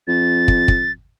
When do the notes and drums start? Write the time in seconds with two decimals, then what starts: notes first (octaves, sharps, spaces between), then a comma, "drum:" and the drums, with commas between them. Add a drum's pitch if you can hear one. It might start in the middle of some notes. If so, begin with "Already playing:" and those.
0.08 F2 A6
0.48 drum: kick
0.68 drum: kick